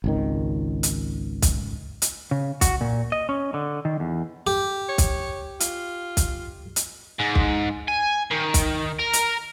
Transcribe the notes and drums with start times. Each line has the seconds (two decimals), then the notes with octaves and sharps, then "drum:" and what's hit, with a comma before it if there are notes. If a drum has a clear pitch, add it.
0.04 G#1 C#2 D#3
0.83 drum: hi-hat
1.42 drum: kick, hi-hat
2.02 drum: hi-hat
2.31 C#3
2.61 F#4, drum: kick, hi-hat
2.81 A#2
3.12 D#5
3.29 C#4
3.54 D3
3.85 D#3
4.00 E2
4.47 G4
4.89 C#5
4.98 drum: kick, hi-hat
5.60 F4, drum: hi-hat
6.17 drum: kick, hi-hat
6.76 drum: hi-hat
7.19 G#2
7.35 drum: kick
7.88 G#5
8.31 D#3
8.54 drum: kick, hi-hat
8.99 A#4
9.13 drum: hi-hat